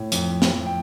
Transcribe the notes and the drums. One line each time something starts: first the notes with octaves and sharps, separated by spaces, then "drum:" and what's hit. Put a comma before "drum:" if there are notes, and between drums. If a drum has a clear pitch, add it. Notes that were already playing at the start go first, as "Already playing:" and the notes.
Already playing: A2
F2, drum: hi-hat
F2
drum: snare
F2
G5